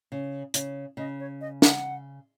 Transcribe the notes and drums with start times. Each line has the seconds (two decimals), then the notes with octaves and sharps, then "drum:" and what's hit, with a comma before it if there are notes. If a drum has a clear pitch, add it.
0.12 C#3
0.54 C#3, drum: hi-hat
0.97 C#3 D#5
1.20 C#5
1.41 D#5
1.62 F#5, drum: snare